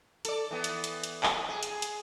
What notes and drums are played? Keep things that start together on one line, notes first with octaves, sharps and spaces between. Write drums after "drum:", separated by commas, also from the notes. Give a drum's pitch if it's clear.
A4 D5, drum: hi-hat
E3 B3
drum: hi-hat
drum: hi-hat
drum: hi-hat
drum: clap
G#4
drum: hi-hat
drum: hi-hat